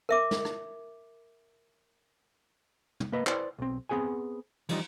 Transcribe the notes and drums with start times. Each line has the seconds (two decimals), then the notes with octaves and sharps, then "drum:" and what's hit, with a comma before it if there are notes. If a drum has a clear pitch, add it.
0.09 A#4 E5 D6
0.31 drum: snare
0.45 drum: rim click
3.00 drum: tom
3.12 A#3 B4 D#5
3.27 E4 B4 C5 D5, drum: clap
3.59 B1 C4
3.89 B3 C4 G#4 F#5 G#5
4.69 E3 F3 G3 D#4, drum: cymbal